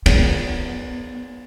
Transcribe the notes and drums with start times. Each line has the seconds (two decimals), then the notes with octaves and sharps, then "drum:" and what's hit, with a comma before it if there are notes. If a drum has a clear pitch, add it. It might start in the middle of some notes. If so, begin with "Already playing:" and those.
0.06 B3, drum: cymbal